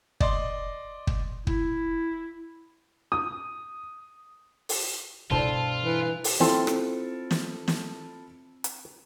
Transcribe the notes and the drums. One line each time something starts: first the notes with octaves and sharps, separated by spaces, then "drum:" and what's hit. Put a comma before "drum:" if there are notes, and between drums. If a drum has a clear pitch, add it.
D5 D#5 C6, drum: kick
drum: kick
E4, drum: kick
D#6
drum: open hi-hat
G2 B2 E4 F4 A4 C5
E3
drum: open hi-hat
C4 E4 F4 A4, drum: snare
drum: rim click
drum: snare
drum: snare
drum: hi-hat